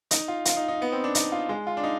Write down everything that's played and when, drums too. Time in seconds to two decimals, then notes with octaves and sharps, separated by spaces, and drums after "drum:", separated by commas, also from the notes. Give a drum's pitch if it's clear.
0.11 D#4, drum: hi-hat
0.28 F4
0.45 F4, drum: hi-hat
0.57 D#4
0.68 D#4
0.82 B3
0.92 C4
1.04 D4
1.15 D#4, drum: hi-hat
1.32 F4
1.49 G#3
1.67 F4
1.77 D4
1.83 D#4